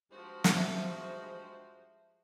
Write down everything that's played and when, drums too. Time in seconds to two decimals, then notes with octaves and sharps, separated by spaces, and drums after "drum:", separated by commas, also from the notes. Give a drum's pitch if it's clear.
0.11 G2 F3 G#3 F#4 C5
0.44 drum: snare
0.58 E5